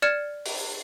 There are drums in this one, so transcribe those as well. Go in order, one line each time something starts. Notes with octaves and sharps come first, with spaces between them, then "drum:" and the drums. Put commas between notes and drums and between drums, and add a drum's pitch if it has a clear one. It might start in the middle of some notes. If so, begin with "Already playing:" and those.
D5 F6 G#6 C#7 E7
drum: open hi-hat